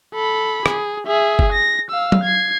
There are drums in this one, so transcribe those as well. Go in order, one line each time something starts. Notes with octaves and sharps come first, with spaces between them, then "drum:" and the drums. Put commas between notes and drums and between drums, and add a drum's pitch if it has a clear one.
A4 B5
G#4, drum: rim click
G#4 E5
drum: kick F#1
A#6
F5 E6
drum: tom
G#6 C7